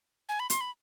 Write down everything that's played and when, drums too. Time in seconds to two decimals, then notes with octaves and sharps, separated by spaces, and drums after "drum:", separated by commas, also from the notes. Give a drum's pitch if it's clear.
0.29 G#5
0.39 B5
0.50 C6, drum: hi-hat
0.61 B5